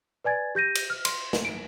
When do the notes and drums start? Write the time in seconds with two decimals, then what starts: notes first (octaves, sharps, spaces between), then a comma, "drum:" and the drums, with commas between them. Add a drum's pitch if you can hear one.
0.24 B4 D5 G#5 G#6 A6
0.55 G4 G6 A#6 D#7
0.75 drum: cymbal
0.90 F6
1.05 C6, drum: cymbal
1.33 drum: snare
1.45 D7